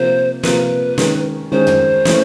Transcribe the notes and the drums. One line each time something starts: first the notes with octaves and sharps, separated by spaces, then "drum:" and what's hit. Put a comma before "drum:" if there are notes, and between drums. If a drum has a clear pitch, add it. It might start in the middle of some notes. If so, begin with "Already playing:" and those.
Already playing: C3 F3 A#3 C5
C3 F3 A#3 B4, drum: snare
D#3 G#3 C#4, drum: snare
D#3 G#3 C#4 C5
drum: tom
E3 A3 C#4, drum: snare